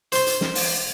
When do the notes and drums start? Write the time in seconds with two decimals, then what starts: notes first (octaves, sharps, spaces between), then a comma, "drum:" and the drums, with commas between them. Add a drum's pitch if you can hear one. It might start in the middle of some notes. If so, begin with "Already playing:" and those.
0.12 C5 C6, drum: hi-hat
0.27 drum: hi-hat
0.41 drum: snare
0.55 drum: open hi-hat